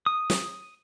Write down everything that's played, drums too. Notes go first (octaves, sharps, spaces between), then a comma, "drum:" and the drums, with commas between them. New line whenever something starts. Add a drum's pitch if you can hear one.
D#6
drum: snare